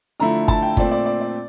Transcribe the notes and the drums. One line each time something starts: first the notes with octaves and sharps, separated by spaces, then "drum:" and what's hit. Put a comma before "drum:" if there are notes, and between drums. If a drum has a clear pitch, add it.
D3 F3 A3 E4 A#5
A5, drum: kick G1
G5
A#2 A3 C4 D5, drum: kick G1
D5
D5
D5